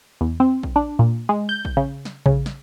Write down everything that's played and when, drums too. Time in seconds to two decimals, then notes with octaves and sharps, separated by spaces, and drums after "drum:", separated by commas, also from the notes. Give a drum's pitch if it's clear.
0.21 E2
0.40 C4
0.63 drum: kick
0.76 D4
0.99 A#2
1.29 G#3
1.49 G6
1.65 drum: kick
1.77 C#3
2.05 drum: snare
2.26 C#3, drum: kick
2.46 drum: snare